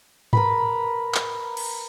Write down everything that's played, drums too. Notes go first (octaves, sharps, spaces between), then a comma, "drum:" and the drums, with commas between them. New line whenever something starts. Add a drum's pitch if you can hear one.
A#4 B4 B5, drum: tom G#2
drum: clap
drum: cymbal